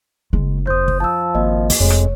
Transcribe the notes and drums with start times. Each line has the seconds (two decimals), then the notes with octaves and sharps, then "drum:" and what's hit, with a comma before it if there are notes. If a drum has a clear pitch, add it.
0.33 F#1 C#3 G#3
0.67 F2 C5 D#6 G6
0.88 drum: kick
1.00 F3 A5 E6
1.35 G#1 A#3 D#5
1.70 drum: kick, open hi-hat
1.80 F1 F2 G#3 C#5
1.90 drum: rim click